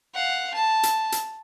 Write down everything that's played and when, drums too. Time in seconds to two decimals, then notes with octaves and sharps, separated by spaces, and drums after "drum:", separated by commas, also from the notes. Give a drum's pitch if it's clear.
0.14 F5 F#5
0.54 A5
0.83 drum: hi-hat
1.12 drum: hi-hat